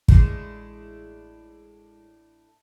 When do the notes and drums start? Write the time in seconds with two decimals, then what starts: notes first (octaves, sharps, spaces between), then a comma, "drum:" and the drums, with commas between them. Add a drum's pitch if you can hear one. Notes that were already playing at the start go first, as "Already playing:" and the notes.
0.08 A1 A2 G#3 A3 D4 E4 G#4, drum: kick